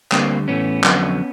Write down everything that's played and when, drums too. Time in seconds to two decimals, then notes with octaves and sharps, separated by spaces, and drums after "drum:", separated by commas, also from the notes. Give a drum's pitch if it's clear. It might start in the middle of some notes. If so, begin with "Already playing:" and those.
0.12 D2 D3 G3 A#3 C4, drum: clap
0.48 A2 E3 A3 B3 C#4
0.84 F2 D3 F#3, drum: clap